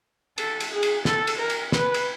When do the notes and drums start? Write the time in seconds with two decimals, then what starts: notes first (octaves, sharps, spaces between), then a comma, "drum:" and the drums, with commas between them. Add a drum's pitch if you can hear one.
0.38 A4, drum: cymbal
0.60 drum: cymbal
0.71 G#4
0.83 drum: cymbal
1.05 A4, drum: snare
1.27 drum: cymbal
1.39 A#4
1.50 drum: cymbal
1.72 B4, drum: snare
1.94 drum: cymbal